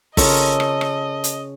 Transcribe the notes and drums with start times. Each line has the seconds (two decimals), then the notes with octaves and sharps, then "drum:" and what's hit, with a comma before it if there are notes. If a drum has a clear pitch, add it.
0.17 C#3 C#4 F4 A4 A#4 D#5, drum: kick, open hi-hat
0.60 drum: rim click
0.81 drum: rim click
1.24 drum: hi-hat